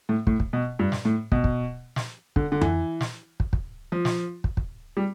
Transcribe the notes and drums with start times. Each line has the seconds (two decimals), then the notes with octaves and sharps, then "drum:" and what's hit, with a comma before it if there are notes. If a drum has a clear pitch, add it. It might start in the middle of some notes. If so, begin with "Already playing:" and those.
0.09 A2
0.27 A2, drum: kick
0.40 drum: kick
0.53 B2
0.79 G2
0.92 drum: snare
1.05 A2
1.32 B2, drum: kick
1.44 drum: kick
1.96 drum: snare
2.36 D3, drum: kick
2.52 D3
2.61 E3, drum: tom F2
3.01 drum: snare
3.40 drum: kick
3.53 drum: kick
3.92 F3
4.05 drum: snare
4.44 drum: kick
4.57 drum: kick
4.97 G3